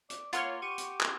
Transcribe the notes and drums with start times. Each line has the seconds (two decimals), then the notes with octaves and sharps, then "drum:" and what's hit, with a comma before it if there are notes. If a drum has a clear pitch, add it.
0.10 D5, drum: hi-hat
0.33 A#3 F4 C#5 F#5 C6 F6, drum: hi-hat
0.62 G4 C#6 D#7
0.78 drum: hi-hat
1.01 drum: clap